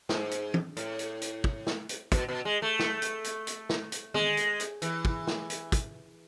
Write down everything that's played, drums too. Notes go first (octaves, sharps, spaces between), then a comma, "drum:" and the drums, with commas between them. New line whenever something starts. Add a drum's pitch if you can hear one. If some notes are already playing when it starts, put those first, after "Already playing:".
G#2, drum: snare
drum: hi-hat
drum: tom
A2, drum: hi-hat
drum: hi-hat
drum: hi-hat
drum: kick
drum: snare
drum: hi-hat
B2, drum: kick, hi-hat
B2
G#3
A3
drum: snare
drum: hi-hat
drum: hi-hat
drum: hi-hat
drum: snare
drum: hi-hat
G#3, drum: tom
drum: hi-hat
drum: hi-hat
E3, drum: hi-hat
drum: kick
drum: snare
drum: hi-hat
drum: kick, hi-hat